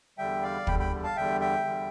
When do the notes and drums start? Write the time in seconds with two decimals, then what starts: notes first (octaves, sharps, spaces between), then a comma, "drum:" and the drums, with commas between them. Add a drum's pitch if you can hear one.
0.18 E2 D3 G3 E5 G5
0.43 D5 F5
0.67 E2 D3 G3 G5 B5, drum: kick
0.79 G5 B5
1.04 F5 A5
1.16 E2 D3 G3 E5 G5
1.40 E5 G5
1.65 E2 D3 G3